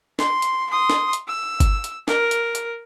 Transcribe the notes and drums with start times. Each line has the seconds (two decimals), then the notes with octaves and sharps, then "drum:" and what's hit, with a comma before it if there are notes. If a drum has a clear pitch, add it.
0.19 C6, drum: snare
0.42 drum: hi-hat
0.70 C6 D#6
0.90 drum: snare
1.13 drum: hi-hat
1.28 E6
1.60 drum: kick G1, hi-hat
1.84 drum: hi-hat
2.08 A#4, drum: snare
2.31 drum: hi-hat
2.55 drum: hi-hat